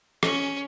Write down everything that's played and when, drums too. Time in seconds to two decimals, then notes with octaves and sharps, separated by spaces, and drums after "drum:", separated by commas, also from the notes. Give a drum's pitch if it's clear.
0.23 C#4, drum: rim click